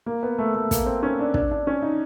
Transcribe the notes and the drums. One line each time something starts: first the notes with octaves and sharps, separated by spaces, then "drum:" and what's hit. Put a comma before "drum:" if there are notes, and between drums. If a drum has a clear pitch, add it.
A#3
B3
A3
A3
A#3, drum: kick, hi-hat
C4
C#4
D4
D4, drum: kick
D4
C#4
D#4